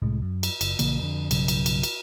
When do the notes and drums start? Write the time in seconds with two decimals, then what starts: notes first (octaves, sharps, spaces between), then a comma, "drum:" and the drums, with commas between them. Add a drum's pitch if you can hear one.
0.02 C2 A2 G#3
0.22 F#2
0.43 drum: cymbal
0.61 F#1, drum: cymbal
0.79 A#1 C#3 E3 A#3, drum: cymbal
0.99 F2 D3
1.31 B1 G2 C#3 F#3, drum: cymbal
1.48 drum: cymbal
1.66 drum: cymbal
1.83 drum: cymbal